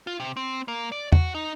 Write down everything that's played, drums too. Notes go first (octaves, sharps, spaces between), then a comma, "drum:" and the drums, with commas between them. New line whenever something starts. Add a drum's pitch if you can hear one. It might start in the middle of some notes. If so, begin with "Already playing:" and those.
F4
C3
C4
A#3
D5
F#4, drum: tom
D#4